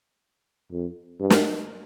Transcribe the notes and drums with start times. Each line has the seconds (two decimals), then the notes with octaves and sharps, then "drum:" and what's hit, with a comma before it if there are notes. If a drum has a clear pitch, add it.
0.71 F2
1.20 G2
1.30 drum: snare